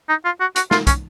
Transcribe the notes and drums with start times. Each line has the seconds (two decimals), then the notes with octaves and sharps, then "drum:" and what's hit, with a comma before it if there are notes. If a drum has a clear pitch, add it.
0.09 D#4
0.25 F4
0.40 F#4
0.56 F#4, drum: hi-hat
0.71 F4, drum: snare
0.87 C#4, drum: kick, hi-hat